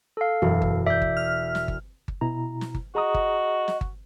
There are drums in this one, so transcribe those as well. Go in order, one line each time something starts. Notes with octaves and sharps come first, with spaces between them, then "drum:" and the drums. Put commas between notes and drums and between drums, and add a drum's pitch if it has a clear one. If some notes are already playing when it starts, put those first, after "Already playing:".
A4 F5
E1 F#2
drum: kick G1
D5 E5 G6
drum: kick G1
F6
drum: snare
drum: kick G1
drum: kick G1
B2 E4 A#5
drum: snare
drum: kick G1
F#4 G#4 D#5 A#5 D#6
drum: kick G1
drum: snare
drum: kick G1